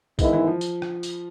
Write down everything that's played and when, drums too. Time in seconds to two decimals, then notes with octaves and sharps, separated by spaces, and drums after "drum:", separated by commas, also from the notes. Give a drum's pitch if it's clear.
0.19 G#2 D#3 E3 G#3 B3 E4, drum: kick A#1, tambourine
0.33 E3
0.47 F3
0.61 drum: tambourine
0.82 drum: rim click
1.03 drum: tambourine